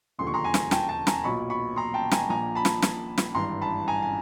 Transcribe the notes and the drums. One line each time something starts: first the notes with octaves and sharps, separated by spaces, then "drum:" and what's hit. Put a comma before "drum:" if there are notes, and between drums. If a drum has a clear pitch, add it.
E1 D#2 D3 F3 C6
C#6
A#5 C6
G#5 A#5
drum: snare
G5 A5, drum: snare
G5 A5
G#5 A#5, drum: snare
B1 A#2 F#3 B5 C#6
B5 C#6
A#5 C6
G5 A5
G#5 A#5, drum: snare
A#1 A#2 F3 G#5 A#5
A5 B5
drum: snare
drum: snare
drum: snare
G#1 G2 E3 A#5 C6
A5 B5
G#5 A#5
G#5